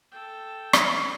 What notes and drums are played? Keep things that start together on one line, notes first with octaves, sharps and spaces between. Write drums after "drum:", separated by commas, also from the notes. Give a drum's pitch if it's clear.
A4 G5
drum: rim click